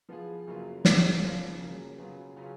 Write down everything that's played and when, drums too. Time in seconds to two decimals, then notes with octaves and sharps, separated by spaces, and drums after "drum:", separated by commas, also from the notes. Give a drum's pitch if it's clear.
0.09 F3 B3 F4 G#4
0.47 F#2 C#3 F#3 A#3 F4
0.85 C#3 F#3 A#3 C#4, drum: snare
1.23 F2 C#3 F3 B3 F4
1.60 C#3 F#3 A#3
1.98 C#3 F#3 B3 F4 G#4
2.36 C#3 F#3 C#4 F4